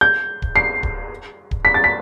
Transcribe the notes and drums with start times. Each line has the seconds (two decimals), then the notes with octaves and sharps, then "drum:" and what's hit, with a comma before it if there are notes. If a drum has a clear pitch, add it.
0.01 G6
0.42 drum: kick D1
0.56 C7
0.83 drum: kick D1
1.51 drum: kick D1
1.65 B6
1.74 A6
1.84 B6